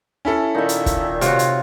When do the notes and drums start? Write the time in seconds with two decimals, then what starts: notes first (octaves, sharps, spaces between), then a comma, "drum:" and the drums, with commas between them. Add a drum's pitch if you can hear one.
0.25 C#4 E4 A4
0.55 A#2 D#3 D#4 E5
0.69 drum: hi-hat
0.86 drum: kick, hi-hat
1.21 C3 F4 F#4 C#5, drum: hi-hat
1.39 drum: hi-hat